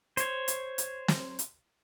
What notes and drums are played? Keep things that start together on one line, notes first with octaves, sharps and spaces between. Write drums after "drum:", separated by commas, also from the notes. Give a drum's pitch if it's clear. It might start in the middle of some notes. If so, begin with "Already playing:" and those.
C5 C#5, drum: hi-hat
drum: hi-hat
drum: hi-hat
drum: snare
drum: hi-hat